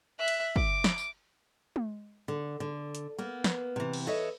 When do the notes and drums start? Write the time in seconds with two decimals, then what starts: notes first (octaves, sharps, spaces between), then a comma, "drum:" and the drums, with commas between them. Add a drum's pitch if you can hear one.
0.19 E5 F#6
0.28 drum: cymbal
0.56 D6, drum: kick
0.84 drum: snare
0.98 drum: tambourine
1.76 drum: tom G#3
2.28 D3
2.60 D3
2.95 drum: hi-hat
3.18 A#3 B3
3.44 drum: snare
3.76 C3 E3
3.93 drum: cymbal
4.07 A4 B4 C#5 D#5 E5